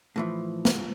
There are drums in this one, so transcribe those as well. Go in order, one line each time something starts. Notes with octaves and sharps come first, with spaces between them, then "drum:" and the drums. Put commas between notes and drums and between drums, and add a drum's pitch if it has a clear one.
A2 E3 F3
drum: snare